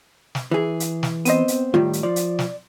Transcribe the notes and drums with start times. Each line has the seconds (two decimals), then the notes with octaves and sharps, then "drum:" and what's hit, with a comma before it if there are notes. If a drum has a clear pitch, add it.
0.35 drum: snare
0.51 E3 G#4
0.80 drum: hi-hat
1.03 drum: snare
1.25 B3 C4 C5 D#5 D#7, drum: hi-hat
1.48 drum: hi-hat
1.74 A2 D#3 G3 F4
1.93 drum: hi-hat
2.03 F3 D5
2.16 drum: hi-hat
2.39 drum: snare